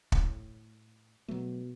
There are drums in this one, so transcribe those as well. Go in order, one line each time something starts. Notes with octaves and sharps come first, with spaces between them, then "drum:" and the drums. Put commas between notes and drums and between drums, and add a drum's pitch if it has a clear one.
A2, drum: kick
B2 F#3 A3